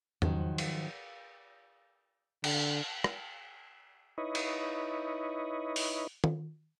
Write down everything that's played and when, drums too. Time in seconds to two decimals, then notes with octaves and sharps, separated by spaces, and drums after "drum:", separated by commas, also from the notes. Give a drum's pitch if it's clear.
0.22 G#2 D#3 F3 F#3, drum: tom E2
0.58 drum: cymbal
2.44 D3, drum: cymbal
3.04 drum: rim click
4.18 D#4 E4 B4 C#5 D#5
4.35 drum: cymbal
5.76 drum: open hi-hat
6.24 drum: tom